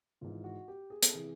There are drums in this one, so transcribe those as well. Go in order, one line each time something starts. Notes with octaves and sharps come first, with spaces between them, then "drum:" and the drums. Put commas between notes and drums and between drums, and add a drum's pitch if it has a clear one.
G#1 G#2 E3 F4
F#4
G4
G#4
A4, drum: hi-hat
C3 E3 G#4